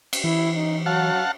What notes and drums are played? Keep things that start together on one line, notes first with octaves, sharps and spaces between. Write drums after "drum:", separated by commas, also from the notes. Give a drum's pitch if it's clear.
drum: cymbal
E3 E4
D#4
F#3 F5 F#5 A5